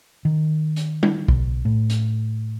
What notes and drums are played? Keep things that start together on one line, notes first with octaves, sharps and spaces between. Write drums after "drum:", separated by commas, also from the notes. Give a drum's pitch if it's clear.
D#3
drum: hi-hat
drum: tom G3
B1, drum: kick
A2
drum: hi-hat